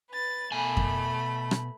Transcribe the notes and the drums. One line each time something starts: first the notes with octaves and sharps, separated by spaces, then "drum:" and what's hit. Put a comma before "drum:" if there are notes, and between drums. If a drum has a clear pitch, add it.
B4 A6
B2 A3 G#5 B5
drum: kick F2
drum: rim click